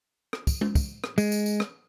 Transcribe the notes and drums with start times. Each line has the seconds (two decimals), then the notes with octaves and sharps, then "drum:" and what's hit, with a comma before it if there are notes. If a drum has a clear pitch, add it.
0.33 drum: rim click
0.47 drum: kick, tambourine
0.61 drum: tom G#3
0.75 drum: kick, tambourine
1.04 drum: rim click
1.18 G#3, drum: tambourine
1.32 drum: tambourine
1.46 drum: tambourine
1.60 drum: rim click